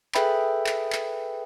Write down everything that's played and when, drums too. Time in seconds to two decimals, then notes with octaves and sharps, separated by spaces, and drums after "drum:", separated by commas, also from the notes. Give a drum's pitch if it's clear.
0.15 G#4 A4 B4 E5 G5 B5, drum: clap
0.67 drum: clap
0.93 drum: clap